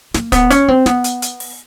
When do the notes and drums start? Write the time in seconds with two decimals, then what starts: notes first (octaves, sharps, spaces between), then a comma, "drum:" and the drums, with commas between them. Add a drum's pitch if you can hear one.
0.14 A#3, drum: snare
0.32 B3, drum: kick, hi-hat
0.50 C#4, drum: hi-hat
0.68 C4
0.86 B3, drum: snare
1.04 drum: hi-hat
1.22 drum: hi-hat
1.40 drum: open hi-hat